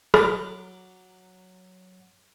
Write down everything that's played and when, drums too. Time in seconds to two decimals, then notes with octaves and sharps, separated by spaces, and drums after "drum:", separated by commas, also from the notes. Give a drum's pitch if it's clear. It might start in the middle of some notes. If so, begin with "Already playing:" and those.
0.14 F#3 A#5 D6, drum: rim click